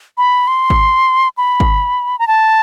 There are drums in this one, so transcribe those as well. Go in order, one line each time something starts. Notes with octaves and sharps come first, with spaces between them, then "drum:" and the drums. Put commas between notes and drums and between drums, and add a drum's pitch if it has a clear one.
B5
C6
drum: kick G#1
B5
drum: kick G#1
A#5
A5